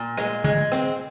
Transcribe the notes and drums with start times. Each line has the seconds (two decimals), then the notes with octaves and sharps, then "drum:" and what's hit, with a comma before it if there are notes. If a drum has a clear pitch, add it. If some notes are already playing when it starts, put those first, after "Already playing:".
Already playing: A#2
0.17 G#3, drum: rim click
0.44 G#3, drum: tom D3
0.72 C4, drum: rim click